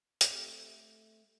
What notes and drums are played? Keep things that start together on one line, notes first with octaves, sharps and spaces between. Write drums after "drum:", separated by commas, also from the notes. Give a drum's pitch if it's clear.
A3 C4 G4, drum: hi-hat